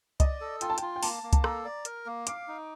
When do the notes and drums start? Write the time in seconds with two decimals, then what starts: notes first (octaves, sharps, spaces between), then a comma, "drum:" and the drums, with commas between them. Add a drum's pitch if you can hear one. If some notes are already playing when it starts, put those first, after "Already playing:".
0.20 D5 D#5, drum: kick C2, hi-hat
0.41 A4
0.61 F4 G5, drum: hi-hat
0.70 A5
0.78 F4 G5, drum: hi-hat
0.96 G5
1.03 A#3 A5, drum: open hi-hat
1.23 A#3
1.33 A5, drum: kick C2, hi-hat
1.44 A4 A#5, drum: rim click
1.65 D5
1.85 A#4, drum: hi-hat
2.06 A#3
2.27 F5 D6, drum: hi-hat
2.48 D#4